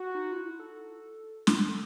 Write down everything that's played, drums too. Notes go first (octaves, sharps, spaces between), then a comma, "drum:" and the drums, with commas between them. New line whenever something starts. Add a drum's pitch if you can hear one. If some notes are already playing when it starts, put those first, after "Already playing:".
Already playing: F#4
D#4
F4
E4
A4
drum: snare
A4